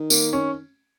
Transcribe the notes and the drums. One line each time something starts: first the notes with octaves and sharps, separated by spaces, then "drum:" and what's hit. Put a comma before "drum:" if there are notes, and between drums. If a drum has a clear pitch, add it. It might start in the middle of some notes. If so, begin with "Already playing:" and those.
Already playing: D#3
A#3, drum: tambourine
C#4